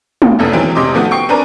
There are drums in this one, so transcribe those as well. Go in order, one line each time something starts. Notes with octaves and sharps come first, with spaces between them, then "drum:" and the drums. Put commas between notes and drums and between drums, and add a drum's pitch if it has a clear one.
drum: tom
F1 C2 F#2 B3 A4
D#3 E3 F#3 G#3 C4
F1 C3 G4 D#5 C6 D6
D#3 F3 A3 B3 F#4
G5 C#6 C7
C4 D4 A#4 B4 G#5 A#5